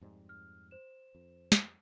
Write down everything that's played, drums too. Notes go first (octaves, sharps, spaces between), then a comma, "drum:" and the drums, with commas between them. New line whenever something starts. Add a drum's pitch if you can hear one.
F2 G#2 G3
F6
C5 E7
F2
drum: snare